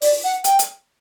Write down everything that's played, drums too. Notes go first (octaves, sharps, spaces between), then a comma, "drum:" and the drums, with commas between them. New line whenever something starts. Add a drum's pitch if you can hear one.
D5, drum: open hi-hat
F#5
G5, drum: hi-hat
drum: hi-hat